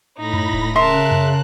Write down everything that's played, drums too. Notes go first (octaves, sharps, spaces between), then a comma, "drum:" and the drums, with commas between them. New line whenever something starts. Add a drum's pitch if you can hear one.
A2 D#4 B5 A#6
drum: tom F#2
drum: kick D1
C#3 A#4 E5 A5 C6 F#6
drum: tom F#2